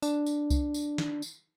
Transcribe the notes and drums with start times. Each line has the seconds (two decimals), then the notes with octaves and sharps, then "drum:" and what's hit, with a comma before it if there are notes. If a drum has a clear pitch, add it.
0.02 D4, drum: tambourine
0.26 drum: tambourine
0.50 drum: kick C2, tambourine
0.74 drum: tambourine
0.98 drum: snare
1.22 drum: tambourine